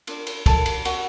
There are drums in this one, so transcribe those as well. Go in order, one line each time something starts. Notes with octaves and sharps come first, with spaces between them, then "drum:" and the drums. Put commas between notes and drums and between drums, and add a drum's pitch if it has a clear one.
D4 F4, drum: cymbal
drum: cymbal
A4 A5, drum: kick, cymbal
drum: cymbal
F#4 F#5, drum: cymbal